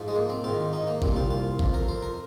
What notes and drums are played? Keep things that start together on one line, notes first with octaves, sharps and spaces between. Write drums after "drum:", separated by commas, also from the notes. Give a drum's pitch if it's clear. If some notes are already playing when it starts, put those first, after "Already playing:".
Already playing: G#2 F3
G#3
A#3
C4
G#2 D#3 F4
D#4
A#3
C2 A#2 F3 C4, drum: kick G#1
F4
F4
F2 F3, drum: kick G#1
A#4
C5
A#4